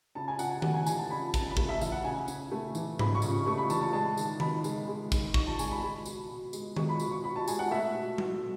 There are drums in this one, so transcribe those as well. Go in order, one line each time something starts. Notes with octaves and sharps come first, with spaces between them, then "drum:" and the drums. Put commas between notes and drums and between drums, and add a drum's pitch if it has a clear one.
C#3 A5
G#5
C#3 F#5, drum: tambourine
G#5
A3 F#5, drum: tom D#3
G#5
E3 G#5, drum: tambourine
A5
C#3 B5
C#3 A5, drum: kick, tambourine
B5
A3 A5, drum: kick
E5
E3 E5, drum: tambourine
F#5
C#3 G#5
C#3, drum: tambourine
A3
E3, drum: tambourine
C#3 B5, drum: tom G#2
C#6
C#3, drum: tambourine
A3 C#6
B5
E3 A5, drum: tambourine
A5
G#3 A5
D#3, drum: tambourine
D#3 B5, drum: tom D#3
G#3, drum: tambourine
G#3
D#3, drum: kick, tambourine
D#3 C#6, drum: kick
A5
G#3 G#5, drum: tambourine
B5
G#3 B5
B2, drum: tambourine
B2
G#3, drum: tambourine
G#3 C#6, drum: tom D#3
B5
B2 B5, drum: tambourine
C#6
B2 B5
A5
G#3 G#5, drum: tambourine
F#5
A3 E5
B2
B2, drum: tom G3